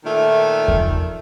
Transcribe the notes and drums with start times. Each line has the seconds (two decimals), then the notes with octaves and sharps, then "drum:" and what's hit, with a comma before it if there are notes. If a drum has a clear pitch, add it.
0.05 A#2 D#3 A3
0.68 drum: kick E2